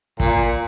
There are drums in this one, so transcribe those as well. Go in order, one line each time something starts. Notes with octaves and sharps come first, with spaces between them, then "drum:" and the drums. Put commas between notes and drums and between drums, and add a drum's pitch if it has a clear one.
A#2, drum: kick